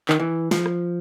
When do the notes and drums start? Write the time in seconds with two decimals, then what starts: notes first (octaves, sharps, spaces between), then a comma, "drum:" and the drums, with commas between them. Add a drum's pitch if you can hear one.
0.09 D#3, drum: clap
0.20 E3
0.51 F3, drum: snare
0.66 drum: rim click